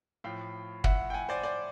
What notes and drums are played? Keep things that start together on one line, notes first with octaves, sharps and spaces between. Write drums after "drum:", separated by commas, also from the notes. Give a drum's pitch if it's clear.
A2 F3 F5 G5
E5 F#5, drum: kick
G5
F#5 G#5
C5 D5
C5 D5